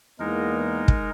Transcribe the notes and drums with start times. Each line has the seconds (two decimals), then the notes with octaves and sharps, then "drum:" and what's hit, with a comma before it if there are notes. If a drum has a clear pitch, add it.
0.20 E2 G#3 A#3 B3 D#4 A#4
0.88 drum: kick